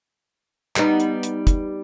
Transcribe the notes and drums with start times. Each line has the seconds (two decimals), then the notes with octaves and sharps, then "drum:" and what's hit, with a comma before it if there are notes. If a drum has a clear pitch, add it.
0.76 G3 B3 D#4, drum: clap
1.00 drum: hi-hat
1.23 drum: hi-hat
1.47 drum: kick, hi-hat